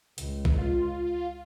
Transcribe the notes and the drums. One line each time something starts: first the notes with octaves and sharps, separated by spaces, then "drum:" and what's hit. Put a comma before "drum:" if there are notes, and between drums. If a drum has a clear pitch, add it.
C#2, drum: hi-hat
drum: kick A#1
F4